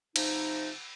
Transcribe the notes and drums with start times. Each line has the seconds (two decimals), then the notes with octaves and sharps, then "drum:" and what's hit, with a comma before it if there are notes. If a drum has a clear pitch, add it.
0.16 C3 F3 D#4, drum: cymbal